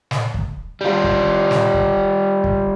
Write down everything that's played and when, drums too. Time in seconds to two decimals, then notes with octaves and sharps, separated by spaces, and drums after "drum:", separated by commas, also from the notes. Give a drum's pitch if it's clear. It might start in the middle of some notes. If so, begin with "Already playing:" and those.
0.11 drum: snare
0.34 drum: kick
0.81 G3 F4
1.04 drum: kick
1.51 drum: snare
1.74 drum: kick
2.44 drum: kick